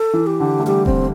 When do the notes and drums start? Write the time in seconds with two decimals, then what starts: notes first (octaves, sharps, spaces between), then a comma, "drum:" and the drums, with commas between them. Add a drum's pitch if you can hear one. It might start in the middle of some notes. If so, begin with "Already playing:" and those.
Already playing: A4
0.13 E3
0.27 G4
0.40 D3
0.60 A3
0.66 G3 G4
0.86 C4, drum: kick E1